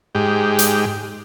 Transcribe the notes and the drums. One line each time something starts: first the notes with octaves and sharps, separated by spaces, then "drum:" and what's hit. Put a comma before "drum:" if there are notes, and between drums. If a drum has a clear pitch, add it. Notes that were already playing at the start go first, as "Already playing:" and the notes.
G#2 G4
drum: hi-hat